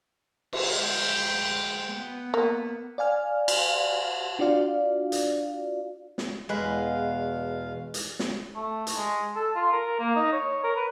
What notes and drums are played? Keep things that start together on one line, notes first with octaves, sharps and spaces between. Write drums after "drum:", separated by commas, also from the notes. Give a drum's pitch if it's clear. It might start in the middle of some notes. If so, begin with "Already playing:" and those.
drum: cymbal
G#3 G5
B3
A#3
D5 F5 G#5 F6
drum: cymbal
D4 F4 F#4 D5 F5
drum: hi-hat
drum: snare
E2 B2 G#3 B4 F5
drum: hi-hat
drum: snare
A3
drum: hi-hat
G#3
A4
F4
A#4
A#3
D#4
C#5
A#4
B4